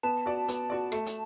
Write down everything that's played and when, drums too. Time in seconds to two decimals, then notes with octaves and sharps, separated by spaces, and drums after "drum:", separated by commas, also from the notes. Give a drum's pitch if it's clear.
0.03 B3 A5
0.26 F#4 D5
0.48 B3, drum: hi-hat
0.70 F#4 D5
0.92 A3, drum: rim click
1.06 drum: hi-hat